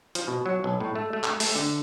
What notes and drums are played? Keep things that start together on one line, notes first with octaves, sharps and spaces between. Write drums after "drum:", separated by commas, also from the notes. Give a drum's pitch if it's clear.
F3, drum: hi-hat
B2
F#3
B1
A2
A3
A3
drum: clap
A3, drum: open hi-hat
D3